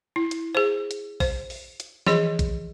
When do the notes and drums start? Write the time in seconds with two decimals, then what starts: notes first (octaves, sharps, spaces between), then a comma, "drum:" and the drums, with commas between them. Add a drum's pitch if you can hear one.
0.16 E4
0.31 drum: hi-hat
0.55 G#4 C5
0.91 drum: hi-hat
1.20 C5, drum: kick A#1, open hi-hat
1.50 drum: open hi-hat
1.80 drum: hi-hat
2.07 E3 F3 G#4 D#5, drum: snare
2.39 drum: kick A#1, hi-hat